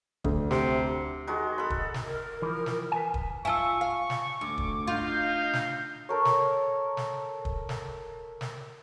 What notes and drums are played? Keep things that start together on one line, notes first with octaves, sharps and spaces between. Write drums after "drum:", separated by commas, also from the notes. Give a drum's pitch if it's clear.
D2, drum: kick
C3, drum: snare
D#3 G#3 F#4
A4 B5
drum: kick
drum: snare
A#4
E3 F3
drum: snare
B4 G#5
drum: kick
F4 E5 G#5 A5 C#6 E6
F5
drum: snare
D2 D6
drum: kick
D#4 F4 F5 G6
drum: snare
A4 A#4 C#5
drum: snare
drum: snare
drum: kick
drum: snare
drum: snare